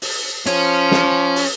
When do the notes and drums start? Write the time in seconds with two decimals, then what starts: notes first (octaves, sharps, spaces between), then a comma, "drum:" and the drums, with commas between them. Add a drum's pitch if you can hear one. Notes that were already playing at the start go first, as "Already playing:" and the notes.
0.02 drum: open hi-hat
0.47 F3 C#4, drum: hi-hat
0.91 drum: snare
1.36 drum: open hi-hat